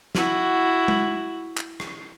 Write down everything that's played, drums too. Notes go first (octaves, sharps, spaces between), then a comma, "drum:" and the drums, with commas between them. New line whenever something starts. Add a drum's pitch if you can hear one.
E4 F#4, drum: snare
drum: tom G#3
drum: clap
drum: rim click